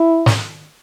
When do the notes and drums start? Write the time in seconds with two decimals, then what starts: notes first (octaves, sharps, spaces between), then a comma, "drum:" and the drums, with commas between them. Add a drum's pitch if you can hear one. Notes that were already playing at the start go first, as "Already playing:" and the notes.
Already playing: E4
0.26 drum: snare